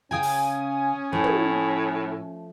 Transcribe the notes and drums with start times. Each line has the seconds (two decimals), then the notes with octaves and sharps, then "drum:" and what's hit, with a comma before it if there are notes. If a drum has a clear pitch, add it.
0.11 C#3 C#4 F5 G5 G#5 D#6
0.23 drum: open hi-hat
1.13 A2 F3 A3
1.24 drum: tom